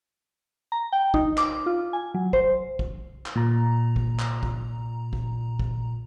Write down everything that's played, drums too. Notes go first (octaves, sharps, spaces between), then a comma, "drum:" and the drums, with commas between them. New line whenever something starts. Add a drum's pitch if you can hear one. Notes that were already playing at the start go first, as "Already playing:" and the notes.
A#5
G5
D#4, drum: kick
D6, drum: clap
F4
G#5
F#3
C5, drum: kick
drum: kick
drum: clap
A#2 A#5
drum: kick
drum: clap
drum: kick
drum: kick
drum: kick